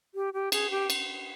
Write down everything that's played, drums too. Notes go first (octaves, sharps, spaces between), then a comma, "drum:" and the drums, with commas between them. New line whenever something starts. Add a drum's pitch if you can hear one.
G4
G4
G#4, drum: cymbal
G4
drum: cymbal